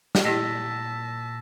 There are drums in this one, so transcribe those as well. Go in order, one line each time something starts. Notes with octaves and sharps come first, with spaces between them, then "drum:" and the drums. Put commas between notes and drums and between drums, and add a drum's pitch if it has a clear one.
drum: snare
A#2 E4 G4 D#5 A5 E6 A#6 B6